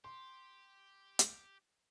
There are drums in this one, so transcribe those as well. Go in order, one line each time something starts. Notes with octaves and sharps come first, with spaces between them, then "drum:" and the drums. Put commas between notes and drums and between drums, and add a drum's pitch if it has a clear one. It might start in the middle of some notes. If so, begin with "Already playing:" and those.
G4 C6
drum: hi-hat